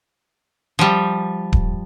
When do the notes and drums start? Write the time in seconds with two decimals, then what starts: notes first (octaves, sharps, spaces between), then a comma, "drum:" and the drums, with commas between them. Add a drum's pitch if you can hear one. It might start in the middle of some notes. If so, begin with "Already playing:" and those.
0.79 F3 G3
1.53 drum: kick D1